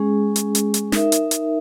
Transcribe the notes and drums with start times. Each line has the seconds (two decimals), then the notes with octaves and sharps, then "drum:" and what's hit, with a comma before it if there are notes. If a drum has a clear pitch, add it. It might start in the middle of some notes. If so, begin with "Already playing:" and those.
Already playing: G#3 C#4 G#4
0.36 drum: hi-hat
0.55 drum: hi-hat
0.74 drum: hi-hat
0.92 D#4 A#4 E5, drum: snare
1.12 drum: hi-hat
1.31 drum: hi-hat